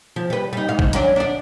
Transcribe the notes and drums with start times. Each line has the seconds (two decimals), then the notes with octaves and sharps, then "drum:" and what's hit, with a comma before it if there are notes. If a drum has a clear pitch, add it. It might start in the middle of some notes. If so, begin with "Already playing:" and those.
0.16 F3
0.30 G3 B4
0.53 G3 D#4
0.69 G#2 F5
0.79 drum: kick
0.93 F#3 C#4 D4, drum: hi-hat
1.16 D4 D5